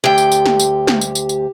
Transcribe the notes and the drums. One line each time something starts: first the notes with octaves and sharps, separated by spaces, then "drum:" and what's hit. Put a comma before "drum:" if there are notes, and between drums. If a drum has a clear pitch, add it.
D2 G4 G5
drum: tambourine
drum: tambourine
drum: snare
drum: tambourine
drum: snare
drum: tambourine
drum: tambourine
drum: tambourine